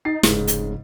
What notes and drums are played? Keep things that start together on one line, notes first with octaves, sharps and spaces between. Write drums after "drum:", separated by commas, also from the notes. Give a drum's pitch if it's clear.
D#4 A6 C7
F1 G#2 C#3, drum: snare
drum: hi-hat